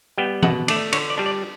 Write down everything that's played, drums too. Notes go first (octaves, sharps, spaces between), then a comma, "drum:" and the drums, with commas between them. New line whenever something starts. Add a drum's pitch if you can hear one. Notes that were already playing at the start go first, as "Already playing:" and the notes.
G3 B3 G5
B2 F#5, drum: tom E3
A3 D4 D5, drum: cymbal
D3 C#5, drum: cymbal
D5
G3 D4
D5